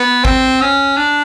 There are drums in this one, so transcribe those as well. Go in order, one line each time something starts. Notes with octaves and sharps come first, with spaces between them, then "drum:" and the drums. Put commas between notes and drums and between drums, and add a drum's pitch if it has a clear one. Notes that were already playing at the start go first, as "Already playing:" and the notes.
Already playing: B3
C4, drum: kick G#1
C#4
D4